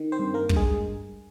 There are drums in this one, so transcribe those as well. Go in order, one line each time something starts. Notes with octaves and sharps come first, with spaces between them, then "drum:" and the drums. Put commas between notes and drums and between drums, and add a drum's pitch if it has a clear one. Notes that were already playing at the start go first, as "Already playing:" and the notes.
Already playing: D#3
C4 C5
G2
A#3 A#4
G2, drum: kick
G#3 G#4